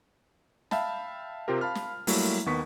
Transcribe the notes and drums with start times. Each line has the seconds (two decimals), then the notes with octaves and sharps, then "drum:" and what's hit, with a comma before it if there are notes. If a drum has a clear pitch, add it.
0.71 E5 F5 G5 A5 B5, drum: snare
1.48 C3 C4 F4 G4 A#4
1.61 F5 A5 B5 F6
1.75 drum: snare
2.07 F#3 G3 A3 A#3 E4, drum: open hi-hat
2.46 D#2 D#3 B3 C#6 B6